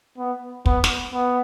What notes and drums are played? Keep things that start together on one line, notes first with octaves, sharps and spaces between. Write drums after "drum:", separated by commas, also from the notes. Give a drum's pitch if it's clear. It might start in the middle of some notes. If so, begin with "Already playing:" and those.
B3
B3, drum: kick
drum: snare
B3